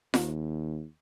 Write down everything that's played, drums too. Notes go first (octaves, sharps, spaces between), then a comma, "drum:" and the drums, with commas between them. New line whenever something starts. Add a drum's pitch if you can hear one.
D#2, drum: snare F4